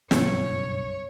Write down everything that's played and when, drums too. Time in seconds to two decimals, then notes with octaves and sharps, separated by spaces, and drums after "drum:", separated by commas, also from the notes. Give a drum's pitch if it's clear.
0.11 F#1 B1 G2 C#5, drum: snare